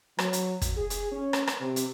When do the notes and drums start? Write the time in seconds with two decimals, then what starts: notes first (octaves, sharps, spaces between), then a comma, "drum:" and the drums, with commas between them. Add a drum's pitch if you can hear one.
0.19 F#3, drum: rim click
0.33 drum: hi-hat
0.62 drum: kick, hi-hat
0.77 G#4
0.90 drum: hi-hat
1.12 C#4
1.33 drum: rim click
1.47 drum: rim click
1.61 C3
1.76 drum: hi-hat